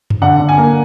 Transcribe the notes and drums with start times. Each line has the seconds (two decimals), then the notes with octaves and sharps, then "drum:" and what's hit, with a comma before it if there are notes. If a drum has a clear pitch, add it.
0.10 drum: tom F#2
0.22 D3 F#5
0.40 D3
0.49 G#5
0.58 A#3